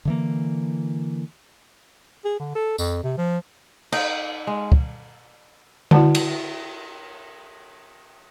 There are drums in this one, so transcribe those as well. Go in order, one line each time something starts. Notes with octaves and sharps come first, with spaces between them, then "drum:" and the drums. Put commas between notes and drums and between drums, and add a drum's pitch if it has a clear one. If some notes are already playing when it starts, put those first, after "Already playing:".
D3 E3 A#3
G#4
D3
A4
F2, drum: tambourine
C3
F3
D#4, drum: cymbal
G#3
drum: kick
E4 F#4 B4 D5 F#5 A5, drum: tom D3
drum: cymbal